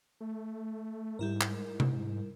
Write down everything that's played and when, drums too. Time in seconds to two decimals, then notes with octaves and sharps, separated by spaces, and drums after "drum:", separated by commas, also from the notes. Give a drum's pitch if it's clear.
0.21 A3
1.19 G#2 G3 E4 A#4
1.41 drum: clap
1.80 drum: tom C3